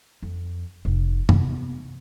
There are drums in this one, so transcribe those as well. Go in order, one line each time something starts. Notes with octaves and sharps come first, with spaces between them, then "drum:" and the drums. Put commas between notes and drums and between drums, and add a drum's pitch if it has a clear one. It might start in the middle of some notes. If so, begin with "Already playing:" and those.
F2
F1
C3 B3, drum: tom F#2